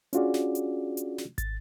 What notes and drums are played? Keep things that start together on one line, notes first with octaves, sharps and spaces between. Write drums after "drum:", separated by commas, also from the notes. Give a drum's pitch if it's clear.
C#4 D4 F4 F#4 G#4 D5, drum: hi-hat
drum: snare
drum: hi-hat
drum: hi-hat
drum: snare
A6, drum: kick, hi-hat